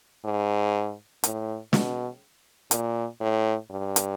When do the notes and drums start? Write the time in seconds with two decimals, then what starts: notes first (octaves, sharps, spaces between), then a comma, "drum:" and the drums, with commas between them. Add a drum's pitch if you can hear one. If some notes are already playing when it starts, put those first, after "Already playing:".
0.24 G#2
1.24 A2, drum: hi-hat
1.73 B2, drum: snare
2.71 A#2, drum: hi-hat
3.20 A2
3.70 G2
3.96 drum: hi-hat